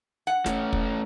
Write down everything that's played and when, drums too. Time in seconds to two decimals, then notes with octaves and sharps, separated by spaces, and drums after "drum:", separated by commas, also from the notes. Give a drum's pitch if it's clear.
0.27 F#5
0.46 A3 C#4, drum: snare
0.73 drum: kick